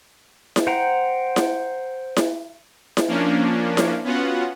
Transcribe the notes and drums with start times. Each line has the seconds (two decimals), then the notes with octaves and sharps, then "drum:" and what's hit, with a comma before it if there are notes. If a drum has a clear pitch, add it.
0.56 drum: snare E4
0.67 C5 F#5 G5 A#5
1.36 drum: snare E4
2.17 drum: snare E4
2.97 drum: snare E4
3.08 F3 A#3 C#4 D4
3.77 drum: snare E4
4.04 B3 C#4 F4 F#4 F#5